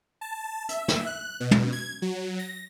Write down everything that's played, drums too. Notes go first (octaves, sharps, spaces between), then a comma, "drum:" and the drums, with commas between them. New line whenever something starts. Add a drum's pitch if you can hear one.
A5
E5, drum: hi-hat
drum: snare
F#6
B2
drum: tom
G#6
F#3
A#6